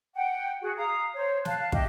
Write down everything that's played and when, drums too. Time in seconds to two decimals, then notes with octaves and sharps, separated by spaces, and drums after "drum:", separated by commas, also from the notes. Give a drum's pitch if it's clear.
0.15 F#5 G5
0.62 F#4 G#4
0.78 F5 A#5 D#6
1.15 C5 C#5
1.45 F5 A5 F#6, drum: snare
1.72 G4 D#5 E5, drum: kick